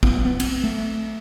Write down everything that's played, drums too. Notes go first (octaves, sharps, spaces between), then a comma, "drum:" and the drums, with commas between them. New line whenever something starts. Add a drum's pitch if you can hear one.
B3, drum: kick
B3
C4, drum: cymbal
A3